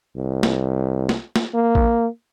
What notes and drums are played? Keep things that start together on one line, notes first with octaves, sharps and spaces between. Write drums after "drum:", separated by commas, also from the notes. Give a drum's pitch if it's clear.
C2
drum: snare
drum: snare
drum: snare
A#3
drum: kick A#1